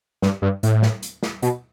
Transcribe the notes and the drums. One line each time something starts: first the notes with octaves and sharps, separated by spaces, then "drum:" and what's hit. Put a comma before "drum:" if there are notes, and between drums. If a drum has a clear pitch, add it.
G2, drum: snare
G2
A2, drum: hi-hat
drum: snare
drum: hi-hat
drum: snare
B2, drum: hi-hat